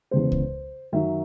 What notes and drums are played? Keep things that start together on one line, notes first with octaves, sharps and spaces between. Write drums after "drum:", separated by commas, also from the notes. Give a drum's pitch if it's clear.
E2 C#3 G#3 C5
drum: kick C#2
F#2 D#3 F#3 E5